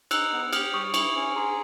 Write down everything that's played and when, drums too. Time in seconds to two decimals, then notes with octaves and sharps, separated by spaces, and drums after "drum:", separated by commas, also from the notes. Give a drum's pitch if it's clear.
0.11 D#4 E6 F#6, drum: cymbal
0.32 B3
0.53 G4 D#6 F6, drum: cymbal
0.74 G3 C#6 D#6
0.94 E4 C#6 D#6, drum: cymbal
1.15 C#4
1.36 G#4 A#5 C6